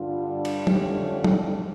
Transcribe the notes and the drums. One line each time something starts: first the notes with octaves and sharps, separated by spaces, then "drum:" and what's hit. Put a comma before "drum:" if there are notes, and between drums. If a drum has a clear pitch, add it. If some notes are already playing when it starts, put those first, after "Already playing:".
Already playing: G2 D3 G3 D4 F4
drum: cymbal
F2 D3 F3 A3 C#4 G4, drum: tom
drum: tom